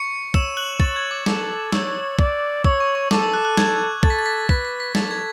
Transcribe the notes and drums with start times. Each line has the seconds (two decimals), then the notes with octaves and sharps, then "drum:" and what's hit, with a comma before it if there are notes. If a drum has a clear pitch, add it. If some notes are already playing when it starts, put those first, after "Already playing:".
Already playing: C#6 C#7
0.34 C#5 E6 E7, drum: kick
0.57 F#6 F#7
0.80 C#5 A6, drum: kick
0.96 G#6
1.11 D6
1.26 A4 D6, drum: snare
1.72 C#5 E6, drum: snare
2.19 D5, drum: kick
2.64 C#5 E6, drum: kick
2.80 C#6
2.95 C#6
3.11 A4 D6, drum: snare
3.22 E6
3.34 F#6
3.45 F#6
3.57 G#6, drum: snare
4.03 A4 A6, drum: kick
4.10 B6
4.19 A6
4.26 B6
4.33 A6
4.49 B4 B6, drum: kick
4.65 B6
4.80 B6
4.95 A4 A6, drum: snare
5.11 G#6